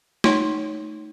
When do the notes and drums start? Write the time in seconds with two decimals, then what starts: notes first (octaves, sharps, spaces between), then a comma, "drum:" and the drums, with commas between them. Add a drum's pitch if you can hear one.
0.24 A3 D#4 C#5 C6 C#6, drum: snare